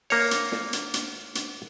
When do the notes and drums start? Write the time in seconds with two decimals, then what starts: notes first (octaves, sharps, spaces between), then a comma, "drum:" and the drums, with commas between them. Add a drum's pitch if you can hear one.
0.10 A#3 C#5, drum: open hi-hat
0.31 drum: hi-hat
0.52 drum: snare
0.73 drum: hi-hat
0.94 drum: hi-hat
1.35 drum: hi-hat